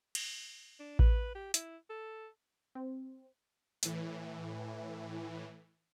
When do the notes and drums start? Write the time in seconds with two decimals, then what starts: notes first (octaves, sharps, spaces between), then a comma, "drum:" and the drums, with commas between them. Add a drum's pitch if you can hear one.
0.15 drum: cymbal
0.80 D4
0.99 B4, drum: kick A1
1.35 G4
1.54 E4, drum: hi-hat
1.90 A4
2.75 C4
3.83 A2 E3, drum: hi-hat